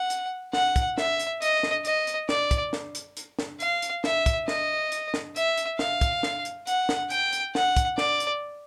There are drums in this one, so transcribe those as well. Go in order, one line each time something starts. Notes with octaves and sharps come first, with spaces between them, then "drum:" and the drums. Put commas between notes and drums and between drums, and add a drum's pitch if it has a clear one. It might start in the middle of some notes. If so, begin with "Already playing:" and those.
Already playing: F#5
drum: hi-hat
F#5, drum: snare
drum: kick, hi-hat
E5, drum: snare
drum: hi-hat
D#5, drum: hi-hat
drum: snare
D#5, drum: hi-hat
drum: hi-hat
D5, drum: snare
drum: kick, hi-hat
drum: snare
drum: hi-hat
drum: hi-hat
drum: snare
F5, drum: hi-hat
drum: hi-hat
E5, drum: snare
drum: kick, hi-hat
D#5, drum: snare
drum: hi-hat
drum: snare
E5, drum: hi-hat
drum: hi-hat
F5, drum: snare
drum: kick, hi-hat
drum: snare
drum: hi-hat
F#5, drum: hi-hat
drum: snare
G5, drum: hi-hat
drum: hi-hat
F#5, drum: snare
drum: kick, hi-hat
D5, drum: snare
drum: hi-hat